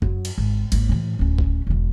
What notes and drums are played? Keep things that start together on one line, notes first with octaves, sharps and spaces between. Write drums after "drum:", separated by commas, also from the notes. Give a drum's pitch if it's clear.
F#2 F#3, drum: kick
drum: cymbal
G#1
G#1 A#3, drum: cymbal
A2 E3
D1 C#4
drum: kick
E1 B2